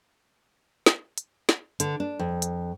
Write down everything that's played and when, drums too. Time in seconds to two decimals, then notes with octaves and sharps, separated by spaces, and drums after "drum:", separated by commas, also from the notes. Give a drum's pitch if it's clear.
0.86 drum: snare
1.18 drum: hi-hat
1.49 drum: snare
1.80 D3, drum: hi-hat
2.00 D4
2.19 F2
2.42 drum: hi-hat